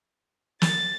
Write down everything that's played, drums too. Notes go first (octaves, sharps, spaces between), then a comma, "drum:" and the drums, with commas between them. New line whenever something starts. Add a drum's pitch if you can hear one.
A6, drum: snare